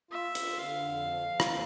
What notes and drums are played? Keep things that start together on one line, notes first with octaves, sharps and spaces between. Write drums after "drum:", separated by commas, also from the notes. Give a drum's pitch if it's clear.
F4 E5
F4, drum: hi-hat
D3 F5
F2
F3
F3
drum: rim click
A#3